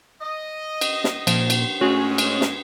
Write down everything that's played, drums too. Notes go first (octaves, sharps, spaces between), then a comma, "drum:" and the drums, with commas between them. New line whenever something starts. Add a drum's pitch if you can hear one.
D#5
drum: cymbal
drum: snare
A#2 F3, drum: cymbal
drum: cymbal
G#2 G#3 A3 C#4 F#4 G#4
drum: cymbal
drum: snare